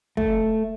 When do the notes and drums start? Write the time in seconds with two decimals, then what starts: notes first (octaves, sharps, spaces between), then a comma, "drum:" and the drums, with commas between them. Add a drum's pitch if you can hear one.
0.17 A3, drum: kick